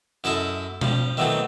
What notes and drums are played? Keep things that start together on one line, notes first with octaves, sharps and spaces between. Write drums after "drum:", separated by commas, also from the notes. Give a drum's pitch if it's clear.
F#2 E4 A4 D#5 E5
F3 G3, drum: tom B2
D#3 E3 F#3 A3 B3 C4